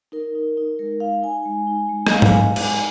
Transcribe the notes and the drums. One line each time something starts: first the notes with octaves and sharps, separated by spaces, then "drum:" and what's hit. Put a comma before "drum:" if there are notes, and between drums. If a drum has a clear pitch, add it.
D#4 A#4
D#4
D#4
G#3 A#4
D#4 F5
D#4 G#5
G#3
D#4
G#3
D#5, drum: rim click
G#3 F5
F5, drum: tom G#2
G#5
G#3
F5
D#4, drum: cymbal
G#5